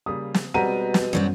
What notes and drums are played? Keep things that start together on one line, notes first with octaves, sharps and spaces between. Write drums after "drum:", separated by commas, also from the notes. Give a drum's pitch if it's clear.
C#3 G3 A#3 D#6
drum: snare
B2 G3 G#3 C4 F#5 A#5 D#7
drum: snare
A1 F#2 F#3 G3 B3 C5